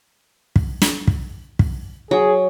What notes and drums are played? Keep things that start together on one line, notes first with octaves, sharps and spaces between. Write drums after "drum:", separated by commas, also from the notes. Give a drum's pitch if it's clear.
drum: kick
drum: snare
drum: kick
drum: kick
F#3 G#4